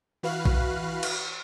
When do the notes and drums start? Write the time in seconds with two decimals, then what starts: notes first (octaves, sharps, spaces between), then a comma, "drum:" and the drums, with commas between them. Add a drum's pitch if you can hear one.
0.23 E3 F#4 B4 F5 F6 F#6
0.45 drum: kick
1.03 drum: cymbal